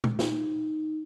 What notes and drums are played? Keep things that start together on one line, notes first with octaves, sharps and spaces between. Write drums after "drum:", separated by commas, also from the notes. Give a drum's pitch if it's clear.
drum: tom A#2
D#4, drum: snare